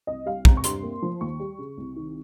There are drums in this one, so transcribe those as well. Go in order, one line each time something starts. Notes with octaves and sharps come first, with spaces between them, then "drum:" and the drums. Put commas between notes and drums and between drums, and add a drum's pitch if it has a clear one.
C2 D#5
G3 F5
C3 A#5, drum: kick
C#6
G2 C6, drum: hi-hat
A#3
F3
D#2 C#6
G3
C#3
C2
D#3